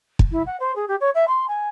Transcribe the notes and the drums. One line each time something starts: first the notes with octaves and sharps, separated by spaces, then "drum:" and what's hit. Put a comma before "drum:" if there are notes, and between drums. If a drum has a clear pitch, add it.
drum: kick
E4
F#5
C5
G#4
G4
C#5
E5
C6
G#5